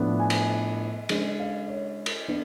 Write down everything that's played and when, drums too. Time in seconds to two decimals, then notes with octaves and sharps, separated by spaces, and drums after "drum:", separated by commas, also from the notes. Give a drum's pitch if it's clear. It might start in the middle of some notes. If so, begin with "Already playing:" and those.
Already playing: A2 F3 B3 D4
0.19 G#5
0.30 drum: cymbal
1.09 C#3 G#3 D4, drum: cymbal
1.39 F5
1.68 C#5
2.06 drum: cymbal
2.28 B3 D4